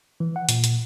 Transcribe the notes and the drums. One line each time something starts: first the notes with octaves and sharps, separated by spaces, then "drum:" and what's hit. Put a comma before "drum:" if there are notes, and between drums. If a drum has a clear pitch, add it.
E3
F#5
A#2, drum: hi-hat
drum: hi-hat